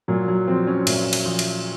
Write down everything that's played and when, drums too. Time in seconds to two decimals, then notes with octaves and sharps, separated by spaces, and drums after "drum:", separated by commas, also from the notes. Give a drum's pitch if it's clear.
0.08 A#2 F#3
0.28 F#3
0.48 F3 C4
0.67 C#4
0.87 A#2, drum: cymbal
1.13 drum: cymbal
1.25 F3
1.39 drum: cymbal